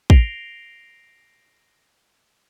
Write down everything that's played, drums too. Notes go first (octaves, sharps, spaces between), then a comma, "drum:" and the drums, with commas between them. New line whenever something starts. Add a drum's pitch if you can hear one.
A#6 C7 D7 F7 G7, drum: kick